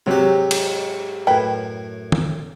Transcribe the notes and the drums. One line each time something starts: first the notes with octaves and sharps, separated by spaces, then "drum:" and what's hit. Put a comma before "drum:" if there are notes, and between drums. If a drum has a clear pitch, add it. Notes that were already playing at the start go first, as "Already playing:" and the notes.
G#2 C3 F#3 G4
drum: cymbal
F#2 A2 B4 G5
drum: tom